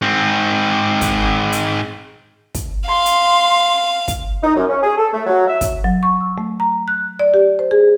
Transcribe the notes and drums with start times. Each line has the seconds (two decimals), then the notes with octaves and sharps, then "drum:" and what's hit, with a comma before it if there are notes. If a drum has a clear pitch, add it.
0.02 G#2 C4
1.01 drum: kick, hi-hat
1.52 drum: hi-hat
2.55 drum: kick, hi-hat
2.88 F5 C6
3.06 drum: hi-hat
4.08 drum: kick, hi-hat
4.44 D#4
4.56 F#2
4.70 C#4
4.83 G#4
4.98 A4
5.14 A3
5.27 F#3
5.48 E5
5.61 drum: kick, hi-hat
5.84 F#3
6.03 C#6
6.21 E6
6.38 A3
6.60 A#5
6.88 F#6
7.19 D5
7.34 G4
7.59 C5
7.71 G#4